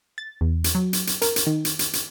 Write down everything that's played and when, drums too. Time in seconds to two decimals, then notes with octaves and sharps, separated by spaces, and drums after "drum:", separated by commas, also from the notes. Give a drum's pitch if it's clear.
0.18 A6
0.41 E2
0.64 drum: hi-hat
0.75 F#3
0.93 drum: hi-hat
1.07 drum: hi-hat
1.22 A#4, drum: hi-hat
1.36 drum: hi-hat
1.46 D#3
1.65 drum: hi-hat
1.79 drum: hi-hat
1.93 drum: hi-hat